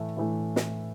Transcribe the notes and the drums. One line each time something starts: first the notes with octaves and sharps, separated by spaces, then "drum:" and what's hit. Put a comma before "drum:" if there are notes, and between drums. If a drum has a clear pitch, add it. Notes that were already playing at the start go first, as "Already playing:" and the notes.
Already playing: A2 E3 A3
A2 E3 A3
drum: snare